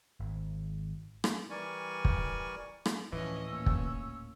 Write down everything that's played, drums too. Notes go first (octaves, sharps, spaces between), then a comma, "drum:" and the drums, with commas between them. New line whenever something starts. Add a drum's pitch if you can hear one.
G#1
drum: rim click
E3 G3 A#4 D5 G#5 C#6
drum: kick
drum: rim click
D2 A2 E3 F3 C#4 D#5
A#2 C#4 E6
drum: kick